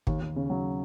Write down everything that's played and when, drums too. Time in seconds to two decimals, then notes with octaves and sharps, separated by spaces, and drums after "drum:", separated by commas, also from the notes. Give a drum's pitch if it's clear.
0.07 D#2, drum: kick
0.21 D#2
0.36 C#3
0.50 F#3